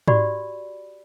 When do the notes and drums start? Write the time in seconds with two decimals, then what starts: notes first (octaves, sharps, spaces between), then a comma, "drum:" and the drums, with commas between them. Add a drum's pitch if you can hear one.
0.08 F#4 G4 D5 B5, drum: tom G#2